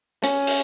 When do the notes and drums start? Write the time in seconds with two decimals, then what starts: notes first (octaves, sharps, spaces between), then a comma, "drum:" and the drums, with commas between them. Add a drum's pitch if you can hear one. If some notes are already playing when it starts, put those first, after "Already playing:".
0.24 C#4, drum: hi-hat
0.47 drum: open hi-hat